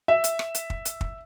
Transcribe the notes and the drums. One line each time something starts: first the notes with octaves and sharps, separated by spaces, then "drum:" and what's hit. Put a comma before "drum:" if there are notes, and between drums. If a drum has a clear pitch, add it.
E5
drum: hi-hat
drum: rim click
drum: hi-hat
drum: kick
drum: hi-hat
drum: kick